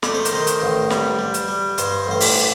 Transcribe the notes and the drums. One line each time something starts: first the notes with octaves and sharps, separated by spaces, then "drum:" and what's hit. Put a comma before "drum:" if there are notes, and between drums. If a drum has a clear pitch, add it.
A3 D5, drum: snare
C5
A#4, drum: hi-hat
D#3 C5
drum: hi-hat
A1
G3, drum: snare
G3
drum: hi-hat
G3
G2 C5, drum: hi-hat
A1 C5
D5, drum: open hi-hat